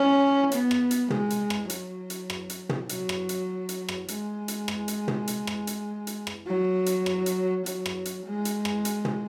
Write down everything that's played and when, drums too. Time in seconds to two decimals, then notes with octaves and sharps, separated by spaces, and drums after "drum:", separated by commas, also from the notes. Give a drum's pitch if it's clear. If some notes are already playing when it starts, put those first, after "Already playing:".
Already playing: C#4
0.52 B3, drum: hi-hat
0.71 drum: rim click
0.91 drum: hi-hat
1.10 G#3, drum: tom
1.30 drum: hi-hat
1.50 drum: rim click
1.70 F#3, drum: hi-hat
2.10 drum: hi-hat
2.30 drum: rim click
2.50 drum: hi-hat
2.69 drum: tom
2.89 F#3, drum: hi-hat
3.09 drum: rim click
3.29 drum: hi-hat
3.69 drum: hi-hat
3.89 drum: rim click
4.08 G#3, drum: hi-hat
4.48 drum: hi-hat
4.68 drum: rim click
4.88 drum: hi-hat
5.08 drum: tom
5.28 drum: hi-hat
5.47 drum: rim click
5.67 drum: hi-hat
6.07 drum: hi-hat
6.27 drum: rim click
6.47 F#3
6.86 drum: hi-hat
7.06 drum: rim click
7.26 drum: hi-hat
7.66 F#3, drum: hi-hat
7.86 drum: rim click
8.05 drum: hi-hat
8.26 G#3
8.45 drum: hi-hat
8.65 drum: rim click
8.85 drum: hi-hat
9.05 drum: tom